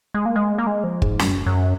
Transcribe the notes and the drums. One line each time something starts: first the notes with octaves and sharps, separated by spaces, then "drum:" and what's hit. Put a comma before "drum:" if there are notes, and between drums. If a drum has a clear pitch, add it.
G#3
A#3
G#3
A#3
G#3
F3
G#2, drum: kick
F#2, drum: snare
F#2